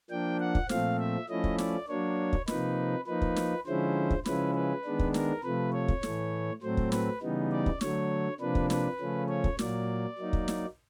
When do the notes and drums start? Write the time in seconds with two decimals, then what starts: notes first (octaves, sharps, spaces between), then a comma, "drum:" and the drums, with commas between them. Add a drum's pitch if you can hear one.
0.10 F3 A#3 D4 G5
0.40 F#5
0.55 drum: kick
0.69 A#2 F3 A3 C4 F5, drum: snare
0.99 E5
1.29 F3 A3 C#4 E4 D#5
1.44 drum: kick
1.58 D5, drum: snare
1.88 F#3 A#3 D4 C#5
2.33 drum: kick
2.48 C3 F3 A#3 D#4 B4, drum: snare
3.07 F3 A#3 D#4 B4
3.22 drum: kick
3.36 drum: snare
3.66 D3 F3 G#3 C#4 E4 C5
4.11 drum: kick
4.26 C#3 F3 G#3 C#4 E4 B4, drum: snare
4.55 B4
4.85 D#3 G#3 B3 D4
4.99 drum: kick
5.14 A#4, drum: snare
5.43 C3 F3 A3 B4
5.73 C#5
5.88 drum: kick
6.03 A2 E3 A3, drum: snare
6.62 A2 F#3 A3 C4 C5
6.77 drum: kick
6.92 B4, drum: snare
7.21 C#3 E3 G3 B3 D#4
7.51 D5
7.66 drum: kick
7.81 D3 F#3 A3 C#5, drum: snare
8.40 C3 F3 A#3 D4 B4
8.55 drum: kick
8.70 B4, drum: snare
9.00 C#3 F3 A3 C#4
9.29 C#5
9.44 drum: kick
9.59 A#2 F#3 A#3 D5, drum: snare
10.18 F#3 A#3 D#4
10.33 drum: kick
10.48 drum: snare